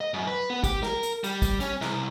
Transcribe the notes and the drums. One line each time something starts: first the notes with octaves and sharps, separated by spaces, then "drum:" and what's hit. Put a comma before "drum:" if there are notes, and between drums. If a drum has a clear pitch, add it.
D#5
F#2
B4
B3
G4, drum: kick, hi-hat
A#4, drum: snare
drum: hi-hat
G3, drum: hi-hat
drum: kick, hi-hat
C#4, drum: hi-hat
C2, drum: snare